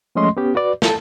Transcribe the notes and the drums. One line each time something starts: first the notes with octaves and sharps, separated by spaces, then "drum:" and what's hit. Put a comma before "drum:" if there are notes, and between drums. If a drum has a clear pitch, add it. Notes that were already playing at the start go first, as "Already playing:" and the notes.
F3 G#3 A3 C#4 D#5 C6
B3 C#4 G4
F#4 B4 D5
A4 A5, drum: snare